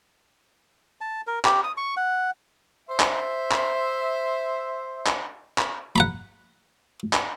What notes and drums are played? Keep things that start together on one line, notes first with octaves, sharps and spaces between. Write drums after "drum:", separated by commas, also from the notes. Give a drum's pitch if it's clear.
A5
A#4
G4, drum: clap
D#6
C#6
F#5
C5 E5
drum: clap
drum: clap
drum: clap
drum: clap
F#5 A#5 B5
drum: clap